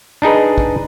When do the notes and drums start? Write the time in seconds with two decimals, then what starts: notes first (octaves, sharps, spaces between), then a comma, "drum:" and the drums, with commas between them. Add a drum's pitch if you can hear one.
0.22 D4 D#4 G#4 B4
0.58 drum: kick